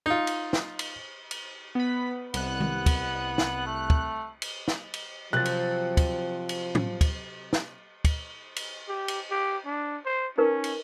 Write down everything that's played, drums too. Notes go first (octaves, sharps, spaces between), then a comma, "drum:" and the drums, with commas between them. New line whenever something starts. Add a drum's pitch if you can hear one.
D#4 F4
drum: cymbal
drum: snare
drum: cymbal
drum: cymbal
B3 B5
C2 B3 F#6, drum: cymbal
drum: tom D#3
drum: kick, cymbal
drum: snare
A3
drum: kick
drum: cymbal
drum: snare
drum: cymbal
C3 F3 F#3 F#6 A6
drum: cymbal
drum: kick, cymbal
drum: cymbal
drum: tom
drum: kick, cymbal
drum: snare
drum: kick, cymbal
drum: cymbal
G4
drum: cymbal
G4
D4
C5
C#4 D#4 A#4 B4
drum: cymbal